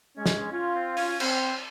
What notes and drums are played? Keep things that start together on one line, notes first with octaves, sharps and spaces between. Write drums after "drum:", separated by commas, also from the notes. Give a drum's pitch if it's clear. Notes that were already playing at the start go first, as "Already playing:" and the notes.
G#3 C#4
drum: snare
C#4 F4
C4
C#4, drum: open hi-hat
C4 C5, drum: cymbal